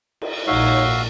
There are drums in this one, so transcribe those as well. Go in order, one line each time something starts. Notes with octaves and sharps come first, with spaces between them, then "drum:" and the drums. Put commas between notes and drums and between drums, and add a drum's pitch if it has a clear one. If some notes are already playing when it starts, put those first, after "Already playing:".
drum: cymbal
A#1 G#2 D#4 F#4 C#5 E5 F5